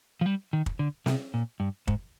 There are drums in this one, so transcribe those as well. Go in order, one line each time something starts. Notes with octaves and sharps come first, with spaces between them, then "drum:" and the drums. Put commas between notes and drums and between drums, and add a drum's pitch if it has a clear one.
F3
G3
D#3
drum: kick
D3
C3, drum: snare
A#2
G2
G#2, drum: kick